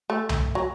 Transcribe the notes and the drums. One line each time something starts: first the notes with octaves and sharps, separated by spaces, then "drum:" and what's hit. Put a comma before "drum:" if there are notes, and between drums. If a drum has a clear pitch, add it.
A3
drum: tom C2
F#3